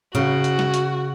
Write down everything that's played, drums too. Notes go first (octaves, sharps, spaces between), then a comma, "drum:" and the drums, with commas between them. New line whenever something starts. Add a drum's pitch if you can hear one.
C#3 F#4, drum: tom A2
drum: hi-hat
drum: snare
drum: hi-hat